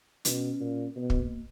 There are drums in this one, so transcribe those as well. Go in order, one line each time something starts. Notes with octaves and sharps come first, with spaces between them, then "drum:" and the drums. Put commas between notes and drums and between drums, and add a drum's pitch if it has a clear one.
B2 C#4 D#4, drum: hi-hat
A#2
B2 B3
drum: kick
A#3